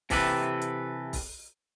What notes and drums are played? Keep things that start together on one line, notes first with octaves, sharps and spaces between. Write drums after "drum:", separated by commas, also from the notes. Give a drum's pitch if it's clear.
C3 E3 G4 A4 B4, drum: kick, open hi-hat
drum: hi-hat
drum: kick, open hi-hat